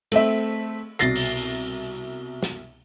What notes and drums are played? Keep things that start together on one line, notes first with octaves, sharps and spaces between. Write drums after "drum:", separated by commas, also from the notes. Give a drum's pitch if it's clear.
A3 C4 E5, drum: cymbal
C2 B2 A6 A#6 C7, drum: hi-hat
drum: open hi-hat
drum: snare